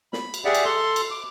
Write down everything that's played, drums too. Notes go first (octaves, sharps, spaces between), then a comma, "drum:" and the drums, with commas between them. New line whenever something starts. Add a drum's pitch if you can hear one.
B5, drum: snare
drum: cymbal
G4 G#4 D5 E5 F#5
drum: cymbal
A4 C6
drum: cymbal
D6